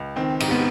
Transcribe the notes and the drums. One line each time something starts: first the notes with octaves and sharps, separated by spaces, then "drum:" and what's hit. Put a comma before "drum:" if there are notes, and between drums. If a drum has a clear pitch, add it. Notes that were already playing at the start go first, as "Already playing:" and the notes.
Already playing: C#2
D#3 C4
G#2, drum: cymbal
B3